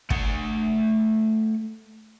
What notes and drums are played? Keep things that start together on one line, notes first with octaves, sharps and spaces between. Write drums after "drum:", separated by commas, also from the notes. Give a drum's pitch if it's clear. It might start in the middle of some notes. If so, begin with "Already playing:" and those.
A3 F#5, drum: kick